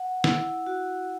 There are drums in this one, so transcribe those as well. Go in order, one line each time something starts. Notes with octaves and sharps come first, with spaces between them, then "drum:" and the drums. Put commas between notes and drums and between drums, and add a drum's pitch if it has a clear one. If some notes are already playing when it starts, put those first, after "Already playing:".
Already playing: F#5
E4, drum: snare
F#4